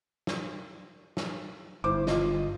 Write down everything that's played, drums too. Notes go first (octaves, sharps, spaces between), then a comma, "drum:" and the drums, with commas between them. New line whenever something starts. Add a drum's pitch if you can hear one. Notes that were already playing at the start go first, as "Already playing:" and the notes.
drum: snare
drum: snare
G1 E4 C5 D6
F4 D#5, drum: snare